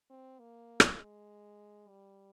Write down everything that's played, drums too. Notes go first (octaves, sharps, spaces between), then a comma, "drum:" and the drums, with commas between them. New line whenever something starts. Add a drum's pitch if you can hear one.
C4
A#3
drum: rim click
G#3
G3